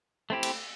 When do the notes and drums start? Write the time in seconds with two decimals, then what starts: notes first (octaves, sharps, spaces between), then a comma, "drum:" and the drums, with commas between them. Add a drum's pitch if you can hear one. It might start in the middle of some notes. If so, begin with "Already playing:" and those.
0.30 A3 C4 E4 G4
0.43 drum: cymbal